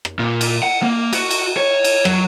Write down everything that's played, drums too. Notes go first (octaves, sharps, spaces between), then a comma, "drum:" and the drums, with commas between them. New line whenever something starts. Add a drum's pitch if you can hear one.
drum: rim click
A#2
drum: cymbal
F#5
A#3
F#4, drum: cymbal
drum: cymbal
C#5
drum: cymbal
F#3, drum: rim click